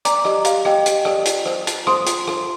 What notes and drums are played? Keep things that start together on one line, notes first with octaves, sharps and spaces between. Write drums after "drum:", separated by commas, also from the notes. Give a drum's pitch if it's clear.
D5 A#5 D6, drum: hi-hat
G4 D#5, drum: rim click
G4 F5, drum: hi-hat
G4 D#5 G5, drum: rim click
G4, drum: hi-hat
D5, drum: rim click
F4, drum: hi-hat
C5, drum: rim click
F4, drum: hi-hat
C5 C6 D#6, drum: rim click
F4, drum: hi-hat
F4, drum: rim click